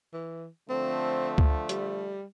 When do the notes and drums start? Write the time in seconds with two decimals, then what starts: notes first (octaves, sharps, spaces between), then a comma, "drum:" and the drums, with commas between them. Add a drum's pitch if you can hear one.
0.13 E3
0.70 D3 F3 A3 C4
1.38 drum: kick C#2
1.69 G3, drum: hi-hat